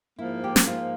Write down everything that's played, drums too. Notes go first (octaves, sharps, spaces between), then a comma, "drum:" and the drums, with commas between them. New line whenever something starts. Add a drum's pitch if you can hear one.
G#2 F3 A#3 E4
G4
drum: snare
F4